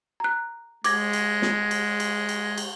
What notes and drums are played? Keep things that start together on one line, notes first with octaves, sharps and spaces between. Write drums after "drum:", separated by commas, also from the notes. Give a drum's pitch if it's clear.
A#5 F#6
G#3 D6 G#6 A#6, drum: cymbal
drum: cymbal
drum: snare
drum: cymbal
drum: cymbal
drum: cymbal
drum: cymbal